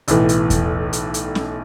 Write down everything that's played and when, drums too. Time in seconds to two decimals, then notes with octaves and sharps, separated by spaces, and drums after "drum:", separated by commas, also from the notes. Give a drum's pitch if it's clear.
0.08 B1 A2 E3, drum: hi-hat
0.29 drum: hi-hat
0.50 drum: kick E2, hi-hat
0.93 drum: hi-hat
1.14 drum: hi-hat
1.35 drum: snare C#4